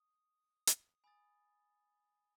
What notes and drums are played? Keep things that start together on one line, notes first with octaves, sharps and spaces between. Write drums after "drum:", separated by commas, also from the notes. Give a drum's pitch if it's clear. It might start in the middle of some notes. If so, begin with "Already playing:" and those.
Already playing: D#6
drum: hi-hat
G#5 B5 D#6 A6